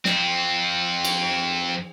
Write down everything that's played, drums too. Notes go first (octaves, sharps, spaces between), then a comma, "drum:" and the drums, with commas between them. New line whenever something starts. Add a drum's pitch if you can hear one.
F2 C4, drum: snare
drum: cymbal